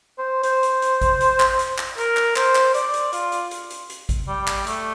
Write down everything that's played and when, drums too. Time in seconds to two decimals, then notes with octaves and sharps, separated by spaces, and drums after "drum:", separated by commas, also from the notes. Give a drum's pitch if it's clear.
0.18 C5
0.43 C5, drum: hi-hat
0.63 drum: hi-hat
0.82 drum: hi-hat
1.01 drum: kick A1, hi-hat
1.21 drum: hi-hat
1.40 drum: clap
1.59 drum: hi-hat
1.78 drum: clap
1.98 A#4, drum: hi-hat
2.17 drum: clap
2.36 C5, drum: clap
2.55 drum: clap
2.74 D5, drum: hi-hat
2.94 drum: hi-hat
3.13 F4, drum: hi-hat
3.32 drum: hi-hat
3.51 drum: hi-hat
3.70 drum: hi-hat
3.90 drum: hi-hat
4.09 drum: kick A1, hi-hat
4.28 G3
4.47 drum: clap
4.67 A3, drum: hi-hat